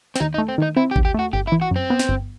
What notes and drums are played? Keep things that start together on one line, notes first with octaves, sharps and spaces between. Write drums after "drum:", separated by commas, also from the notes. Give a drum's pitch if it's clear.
C4, drum: snare
D#2 D#4
D#4
A3
C4
D#3 D#4
C4 E4
G4
D#2, drum: kick G#1
G4
A3 F#4
G1 G4
E4
E3
F#4
F#2 C4
B3
drum: snare
G1